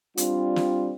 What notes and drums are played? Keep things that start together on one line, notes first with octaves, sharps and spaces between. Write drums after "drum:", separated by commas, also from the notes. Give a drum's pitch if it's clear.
G3 C4 D4 F4, drum: hi-hat
drum: snare